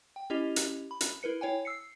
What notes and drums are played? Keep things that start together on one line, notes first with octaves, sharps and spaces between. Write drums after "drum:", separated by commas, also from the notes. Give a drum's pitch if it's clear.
G5
C#4 E4 G4 D#5 F7
drum: hi-hat
B5
drum: hi-hat
E4 A#4 B4 C#7
E4 C#5 G5 G#5
E6 C7 C#7